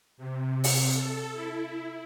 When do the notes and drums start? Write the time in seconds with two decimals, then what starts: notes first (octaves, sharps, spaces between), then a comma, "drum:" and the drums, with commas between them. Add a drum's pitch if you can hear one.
0.17 C3
0.64 drum: open hi-hat
0.93 A4
1.34 E4